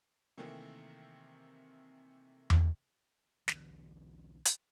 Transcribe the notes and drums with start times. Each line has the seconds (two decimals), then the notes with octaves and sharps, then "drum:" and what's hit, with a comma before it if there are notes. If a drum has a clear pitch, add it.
0.38 C3 D#3 E3 A3 A#3 C4
2.50 drum: tom E2
3.48 B1 D3 E3, drum: snare
4.46 drum: hi-hat